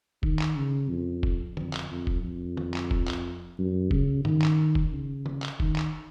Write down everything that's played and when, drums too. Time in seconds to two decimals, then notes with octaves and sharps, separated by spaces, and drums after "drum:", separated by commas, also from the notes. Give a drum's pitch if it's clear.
0.23 D#3, drum: kick E1
0.39 drum: clap
0.56 C#3
0.90 F2
1.23 drum: kick E1
1.57 F2, drum: tom D3
1.73 drum: clap
1.90 F2
2.07 drum: kick E1
2.23 F2
2.57 drum: tom D3
2.74 drum: clap
2.91 drum: kick E1
3.08 drum: clap
3.59 F#2
3.91 C#3, drum: kick E1
4.25 D#3, drum: tom G2
4.42 drum: clap
4.75 drum: kick E1
4.92 C#3
5.26 drum: tom D3
5.42 drum: clap
5.60 D#3, drum: kick E1
5.76 drum: clap